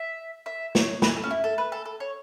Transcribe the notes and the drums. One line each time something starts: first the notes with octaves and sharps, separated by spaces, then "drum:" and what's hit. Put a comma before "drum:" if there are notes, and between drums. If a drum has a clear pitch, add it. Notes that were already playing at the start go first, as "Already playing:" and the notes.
Already playing: E5
E5
C#5, drum: snare
B4, drum: snare
A4
C#4
E4
A4
B4
A4
A4
C#5